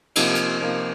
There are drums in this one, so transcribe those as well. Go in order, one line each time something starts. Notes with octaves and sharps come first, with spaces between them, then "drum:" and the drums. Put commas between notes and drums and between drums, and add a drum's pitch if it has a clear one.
C3 F3 A#3 D#4, drum: cymbal
drum: hi-hat
C3 F3 A#3 D#4